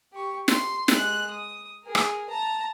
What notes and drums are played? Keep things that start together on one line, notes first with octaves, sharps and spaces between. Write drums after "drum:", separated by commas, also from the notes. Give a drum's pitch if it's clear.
G4 C#6
C6, drum: snare
G#3 F#6, drum: snare
D#6
G#4 A#4
drum: rim click
A5 A#5